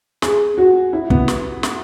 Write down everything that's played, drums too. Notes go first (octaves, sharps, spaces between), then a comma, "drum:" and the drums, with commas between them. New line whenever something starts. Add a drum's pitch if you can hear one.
G#4, drum: snare
F#4
E4
B3, drum: kick
drum: snare
drum: snare